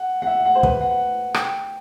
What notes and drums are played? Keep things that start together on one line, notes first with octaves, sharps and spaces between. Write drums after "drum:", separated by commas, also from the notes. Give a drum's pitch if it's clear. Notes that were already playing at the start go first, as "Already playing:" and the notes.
Already playing: F#5
F#5
E5
F#5
C5
B4, drum: kick
F#5
G5, drum: rim click